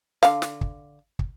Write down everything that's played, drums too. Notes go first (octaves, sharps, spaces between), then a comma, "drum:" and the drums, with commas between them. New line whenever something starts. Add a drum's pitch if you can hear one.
D3 F5, drum: snare
drum: snare
drum: kick
drum: kick